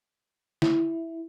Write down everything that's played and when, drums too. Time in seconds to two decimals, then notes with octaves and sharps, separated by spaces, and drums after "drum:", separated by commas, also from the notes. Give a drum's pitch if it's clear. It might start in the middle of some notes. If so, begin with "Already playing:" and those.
0.62 E4, drum: snare